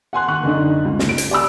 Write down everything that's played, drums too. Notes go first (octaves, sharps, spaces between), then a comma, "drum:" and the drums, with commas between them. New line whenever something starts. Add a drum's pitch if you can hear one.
F#5 G#5 C6 F#6
D#2 C#6 F#6
F#1 D3 D4 D#4
C#2
drum: snare
D7
drum: hi-hat
G4 D5 G#5 B5 E6